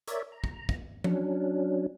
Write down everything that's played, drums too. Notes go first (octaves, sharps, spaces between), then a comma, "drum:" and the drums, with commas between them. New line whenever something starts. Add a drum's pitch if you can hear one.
A#4 C#5 D5 E5, drum: hi-hat
A#5
drum: kick
drum: kick
F#3 C#4 D4, drum: tom F3